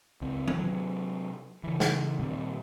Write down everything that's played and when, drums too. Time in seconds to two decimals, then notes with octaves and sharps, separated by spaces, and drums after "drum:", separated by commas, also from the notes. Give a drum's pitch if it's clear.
0.21 C#2 C4
0.48 drum: tom D#3
0.59 C3 F#3
1.64 C#3 E3
1.80 drum: snare
2.19 A#2 D#3 G3 C4